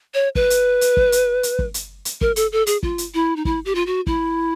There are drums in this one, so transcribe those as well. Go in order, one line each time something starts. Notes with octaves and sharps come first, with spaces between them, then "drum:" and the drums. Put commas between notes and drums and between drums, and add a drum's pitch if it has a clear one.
C#5
B4, drum: kick
drum: hi-hat
drum: hi-hat
drum: kick
drum: hi-hat
drum: hi-hat
drum: kick
drum: hi-hat
drum: hi-hat
A#4, drum: kick
A4, drum: hi-hat
A4
G#4, drum: hi-hat
F4, drum: kick
drum: hi-hat
E4
D#4
E4, drum: kick
G4
F4
F#4
E4, drum: kick